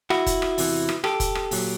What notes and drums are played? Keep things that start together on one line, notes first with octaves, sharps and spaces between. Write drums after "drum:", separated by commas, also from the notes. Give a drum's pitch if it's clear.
E4 F#4, drum: rim click
drum: kick, hi-hat
drum: rim click
E2 C3 E3, drum: open hi-hat
drum: rim click
G4 A4, drum: rim click
drum: kick, hi-hat
drum: rim click
A#2 F#3, drum: open hi-hat